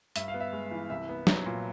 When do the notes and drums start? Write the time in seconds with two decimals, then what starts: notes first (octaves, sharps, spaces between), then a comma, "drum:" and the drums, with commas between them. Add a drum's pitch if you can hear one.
0.16 G2 E5, drum: hi-hat
0.28 F5
0.34 B3
0.40 E5
0.53 G#3
0.71 E3
0.90 C2 E5
1.09 B3
1.27 F#3, drum: snare
1.46 A#2